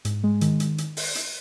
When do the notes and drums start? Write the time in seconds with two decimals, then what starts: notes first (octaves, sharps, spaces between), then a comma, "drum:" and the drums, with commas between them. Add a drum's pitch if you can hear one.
0.05 G#2, drum: hi-hat
0.24 G#3
0.41 D#3, drum: hi-hat
0.60 drum: hi-hat
0.78 drum: hi-hat
0.97 drum: open hi-hat
1.15 drum: hi-hat